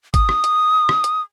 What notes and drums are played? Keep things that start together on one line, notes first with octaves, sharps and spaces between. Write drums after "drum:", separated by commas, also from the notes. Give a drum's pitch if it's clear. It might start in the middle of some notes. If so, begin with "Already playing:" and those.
D#6, drum: kick, hi-hat
drum: rim click
drum: hi-hat
drum: rim click
drum: hi-hat